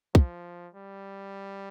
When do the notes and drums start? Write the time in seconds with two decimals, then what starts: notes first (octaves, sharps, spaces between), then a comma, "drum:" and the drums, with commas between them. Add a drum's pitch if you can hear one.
0.15 F3, drum: kick
0.74 G3